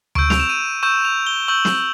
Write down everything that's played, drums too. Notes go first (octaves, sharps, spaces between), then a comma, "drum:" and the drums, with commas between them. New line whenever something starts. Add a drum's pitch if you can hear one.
C#6 E6 G6 D7, drum: tom D2
F7, drum: snare
E7
D#7
C#6 E6 G6 E7
F7
G7
C#6 E6 G6 F#7
drum: snare